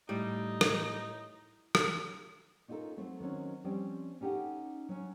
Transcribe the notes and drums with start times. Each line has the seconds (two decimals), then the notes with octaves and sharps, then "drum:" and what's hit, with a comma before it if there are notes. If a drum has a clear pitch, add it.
0.09 A2 G3 D#4
0.61 drum: rim click
1.75 drum: rim click
2.68 C#4 D#4 F4 F#4 A4 A#4
2.97 F#3 A3 C4
3.20 D#3 F#3 C4 C#4
3.64 F3 G3 C4 C#4
4.21 C#4 D#4 G4 A4 F#5
4.89 F#3 C#4